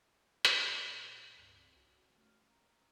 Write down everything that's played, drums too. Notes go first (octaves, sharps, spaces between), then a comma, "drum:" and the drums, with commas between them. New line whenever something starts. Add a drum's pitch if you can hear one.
A#2 B3, drum: hi-hat
C#2 G2 C#3 C4
B1 F#4
A3 C#4 F6
A#5